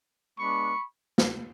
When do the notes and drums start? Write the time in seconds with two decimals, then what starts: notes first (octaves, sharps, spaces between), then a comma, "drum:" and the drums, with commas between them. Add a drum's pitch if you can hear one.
0.38 G#3 B3 D4 B5 C#6
1.18 drum: snare